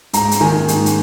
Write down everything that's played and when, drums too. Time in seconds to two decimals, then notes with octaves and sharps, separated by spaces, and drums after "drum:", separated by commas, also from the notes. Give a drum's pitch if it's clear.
0.13 G#2 A#5, drum: hi-hat
0.31 drum: hi-hat
0.40 D#3 G#5
0.68 G#2, drum: hi-hat
0.86 drum: hi-hat